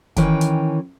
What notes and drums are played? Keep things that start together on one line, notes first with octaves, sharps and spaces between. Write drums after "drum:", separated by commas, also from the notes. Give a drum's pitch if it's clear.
D#3 E3 C#4 G5, drum: kick, hi-hat
drum: hi-hat